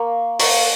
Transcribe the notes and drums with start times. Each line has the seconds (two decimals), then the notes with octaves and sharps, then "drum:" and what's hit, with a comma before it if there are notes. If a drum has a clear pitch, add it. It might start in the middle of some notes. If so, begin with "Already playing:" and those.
Already playing: A#3 C#6
0.39 A#3 C#6, drum: open hi-hat